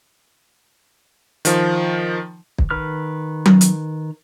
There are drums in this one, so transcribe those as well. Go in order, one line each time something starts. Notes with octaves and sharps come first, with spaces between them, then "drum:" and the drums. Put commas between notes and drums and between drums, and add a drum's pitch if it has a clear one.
D#3 F3, drum: hi-hat
drum: kick
D#3 B4 F6
drum: tom F#3
drum: hi-hat